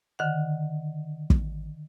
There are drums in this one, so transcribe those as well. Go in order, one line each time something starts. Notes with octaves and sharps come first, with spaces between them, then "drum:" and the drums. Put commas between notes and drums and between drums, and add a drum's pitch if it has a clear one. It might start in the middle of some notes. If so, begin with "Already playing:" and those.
D3 D#3 F#5
drum: kick